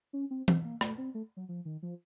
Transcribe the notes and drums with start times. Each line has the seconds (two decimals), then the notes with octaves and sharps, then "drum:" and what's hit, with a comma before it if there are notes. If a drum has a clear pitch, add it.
0.13 C#4
0.31 C4
0.48 C4, drum: tom E3
0.64 A#3
0.81 A3, drum: rim click
0.98 C4
1.15 A3
1.37 F#3
1.49 F3
1.65 D#3
1.82 F3